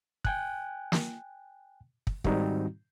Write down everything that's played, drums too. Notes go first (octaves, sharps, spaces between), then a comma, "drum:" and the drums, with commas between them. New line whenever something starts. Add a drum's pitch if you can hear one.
G5 G#5 F#6, drum: kick
drum: snare
drum: kick
G#2 D#3 G3 C4 D#4 F#4, drum: kick